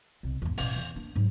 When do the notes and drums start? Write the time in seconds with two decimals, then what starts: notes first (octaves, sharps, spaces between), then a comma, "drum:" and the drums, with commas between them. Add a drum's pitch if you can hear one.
0.23 C2 B2
0.42 E2 G#2
0.57 A1 B2, drum: open hi-hat
0.76 E2
0.96 A#3 D4
1.15 G#2 F#3